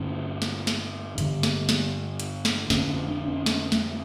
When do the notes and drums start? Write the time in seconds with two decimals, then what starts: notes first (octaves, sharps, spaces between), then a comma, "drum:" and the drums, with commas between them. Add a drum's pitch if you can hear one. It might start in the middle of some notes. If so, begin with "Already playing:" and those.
Already playing: G2 D3 C#4
0.42 drum: snare
0.67 drum: snare
1.18 G2 D3, drum: hi-hat
1.43 drum: snare
1.69 drum: snare
2.20 drum: hi-hat
2.45 drum: snare
2.70 F2 D3 C#4, drum: snare
2.89 C#4
3.08 D4
3.28 C#4
3.46 C#4, drum: snare
3.72 A3, drum: snare